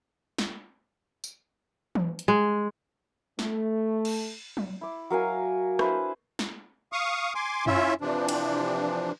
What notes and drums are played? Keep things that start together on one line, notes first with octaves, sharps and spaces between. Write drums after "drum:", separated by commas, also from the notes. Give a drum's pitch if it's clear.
drum: snare
drum: tambourine
drum: tom E3
drum: hi-hat
G#3
A3, drum: snare
drum: cymbal
drum: tom F#3
E4 D6
F#3 A#4 F5 G#5
D4 E4 B4 C5, drum: rim click
drum: snare
F5 C#6 D#6
G#5 C6 D6
C#4 E4 F4 E5, drum: tom F#2
C3 E3 F3 D4
drum: cymbal